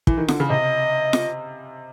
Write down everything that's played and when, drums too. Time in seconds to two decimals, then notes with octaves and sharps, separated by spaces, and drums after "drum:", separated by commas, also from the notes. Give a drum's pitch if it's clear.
0.07 E3, drum: kick
0.18 D#3
0.28 D3, drum: snare F4
0.40 C#3
0.50 C3 D#5
1.13 drum: snare F4